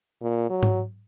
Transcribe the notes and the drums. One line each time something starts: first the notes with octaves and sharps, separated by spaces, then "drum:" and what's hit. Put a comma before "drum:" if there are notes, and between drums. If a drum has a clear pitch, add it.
A#2
F#3
drum: tom G#2